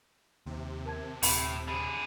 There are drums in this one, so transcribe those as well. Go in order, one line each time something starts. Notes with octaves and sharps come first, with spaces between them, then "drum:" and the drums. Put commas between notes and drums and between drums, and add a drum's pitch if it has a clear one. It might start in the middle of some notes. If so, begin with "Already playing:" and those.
D#2 C3
A#4 A5 G#6
D#1 A2 B5, drum: open hi-hat
D3 G#4 B5